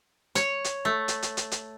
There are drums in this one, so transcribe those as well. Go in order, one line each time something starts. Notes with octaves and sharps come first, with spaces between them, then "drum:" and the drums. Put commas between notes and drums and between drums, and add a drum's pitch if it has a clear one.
C#5, drum: hi-hat
drum: hi-hat
A3
drum: hi-hat
drum: hi-hat
drum: hi-hat
drum: hi-hat